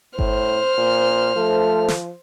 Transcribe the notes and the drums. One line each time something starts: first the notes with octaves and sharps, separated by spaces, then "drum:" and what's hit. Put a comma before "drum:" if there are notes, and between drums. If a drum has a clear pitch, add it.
A2 C5 F6, drum: kick G1
A#2
F3 A3
drum: snare